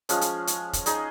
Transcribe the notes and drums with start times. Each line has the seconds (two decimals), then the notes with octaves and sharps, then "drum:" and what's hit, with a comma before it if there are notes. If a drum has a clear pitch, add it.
0.09 F3 G#3 C#4, drum: hi-hat
0.21 drum: hi-hat
0.47 drum: hi-hat
0.73 drum: kick E1, hi-hat
0.86 D#4 G#4 D#5, drum: hi-hat